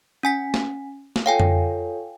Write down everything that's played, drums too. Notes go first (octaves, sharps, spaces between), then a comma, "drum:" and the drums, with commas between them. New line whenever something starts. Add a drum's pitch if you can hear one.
C#4 G#5 B6
drum: snare
drum: snare
F4 A4 C#5 F5 G5 G#5
drum: tom F2